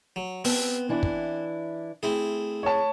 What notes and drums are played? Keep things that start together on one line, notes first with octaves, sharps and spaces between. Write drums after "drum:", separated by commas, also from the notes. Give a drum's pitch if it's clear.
F#3
B3 C4, drum: open hi-hat
E3 D4 E4
drum: kick
A3 C4 E4 G#4
C#5 A5